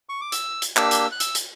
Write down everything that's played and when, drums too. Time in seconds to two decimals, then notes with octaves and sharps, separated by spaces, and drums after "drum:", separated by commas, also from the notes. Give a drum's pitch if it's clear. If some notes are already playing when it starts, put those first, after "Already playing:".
0.09 C#6
0.21 D6
0.32 E6, drum: hi-hat
0.62 drum: hi-hat
0.76 A#3 D4 G4 E6, drum: clap
0.91 drum: hi-hat
1.12 F#6
1.20 E6, drum: hi-hat
1.35 drum: hi-hat